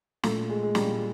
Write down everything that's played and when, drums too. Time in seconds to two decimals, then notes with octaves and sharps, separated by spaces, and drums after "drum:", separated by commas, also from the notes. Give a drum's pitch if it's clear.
0.23 A#2 A3, drum: snare
0.49 G#3
0.63 G#3
0.75 A#2 G3, drum: snare